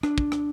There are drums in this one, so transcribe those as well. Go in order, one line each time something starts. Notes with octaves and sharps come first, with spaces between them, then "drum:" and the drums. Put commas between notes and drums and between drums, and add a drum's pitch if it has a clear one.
D4, drum: rim click
drum: kick
drum: rim click